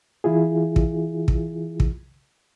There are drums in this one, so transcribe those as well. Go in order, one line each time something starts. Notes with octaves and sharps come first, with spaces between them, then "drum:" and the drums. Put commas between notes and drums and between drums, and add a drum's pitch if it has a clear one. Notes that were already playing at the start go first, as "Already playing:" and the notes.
E3 E4 F4 G#4
drum: kick
drum: kick
drum: kick